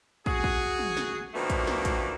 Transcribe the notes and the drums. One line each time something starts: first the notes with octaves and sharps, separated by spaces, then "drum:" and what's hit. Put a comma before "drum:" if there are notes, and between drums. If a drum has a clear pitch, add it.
F#4 G#4, drum: kick
drum: kick
drum: tom
drum: snare
B2 D#3 F3 A3 A#3 D4
drum: kick, hi-hat
drum: snare
drum: kick, hi-hat